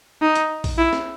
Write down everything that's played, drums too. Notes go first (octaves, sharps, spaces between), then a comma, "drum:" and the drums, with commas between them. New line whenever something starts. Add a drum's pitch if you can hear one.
D#4
drum: hi-hat
drum: kick A#1, open hi-hat
E4
drum: snare